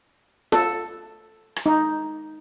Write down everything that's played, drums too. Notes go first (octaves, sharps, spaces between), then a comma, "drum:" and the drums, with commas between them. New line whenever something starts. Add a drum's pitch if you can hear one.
A4, drum: snare F4
drum: rim click
D#4